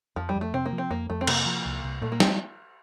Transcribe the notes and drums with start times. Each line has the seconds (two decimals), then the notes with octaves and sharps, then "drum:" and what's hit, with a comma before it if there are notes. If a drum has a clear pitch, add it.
0.16 F2 F3
0.29 G3
0.36 F2
0.41 A3
0.54 C3 C4
0.66 A#3
0.73 F3
0.78 C4
0.91 F2 A#3
1.10 F2 A3
1.21 C4
1.27 C3 A#3, drum: cymbal
1.46 F3
1.66 C2
1.84 C2
2.02 A#2 A3
2.12 A#3
2.20 G3 C4, drum: snare